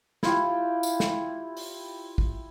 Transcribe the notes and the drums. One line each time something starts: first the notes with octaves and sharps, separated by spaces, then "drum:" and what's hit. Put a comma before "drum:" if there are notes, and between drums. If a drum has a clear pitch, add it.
E4 F4 G4, drum: snare
drum: tambourine
drum: snare
drum: open hi-hat
drum: kick A1